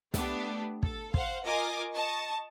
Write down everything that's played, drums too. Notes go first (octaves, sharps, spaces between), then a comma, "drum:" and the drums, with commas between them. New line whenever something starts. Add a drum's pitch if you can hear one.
A3 B3 D4 G4, drum: snare
A4, drum: kick
C5 F5 F#5, drum: kick
F4 A#4 D#5 G#5 D6
D#5 A5 C#6